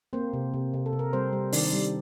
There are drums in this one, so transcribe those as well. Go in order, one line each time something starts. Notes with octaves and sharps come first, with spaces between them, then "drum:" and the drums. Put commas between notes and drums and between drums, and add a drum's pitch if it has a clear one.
A#3 C4 C5
C3
C3
C3
A4
C3
A#4
G3 C4 C5
G3
D#3 D4 D5, drum: open hi-hat
G3